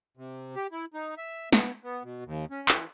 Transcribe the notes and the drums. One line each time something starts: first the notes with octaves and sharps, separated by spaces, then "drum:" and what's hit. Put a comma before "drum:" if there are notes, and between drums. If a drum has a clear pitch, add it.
C3
G4
E4
D#4
E5
B3, drum: snare
B3
B2
D#2
C#4
E3, drum: clap